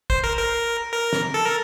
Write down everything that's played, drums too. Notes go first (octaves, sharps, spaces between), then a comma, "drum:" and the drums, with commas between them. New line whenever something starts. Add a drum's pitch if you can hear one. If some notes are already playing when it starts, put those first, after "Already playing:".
C5, drum: kick
A#4
A#4
A#4
drum: snare
A4
A#4